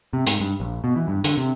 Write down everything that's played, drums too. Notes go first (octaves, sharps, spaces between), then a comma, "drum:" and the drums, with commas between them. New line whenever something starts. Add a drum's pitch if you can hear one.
C3
G#2, drum: hi-hat
G2
A#1
B2
E3
G2
D3, drum: hi-hat
C3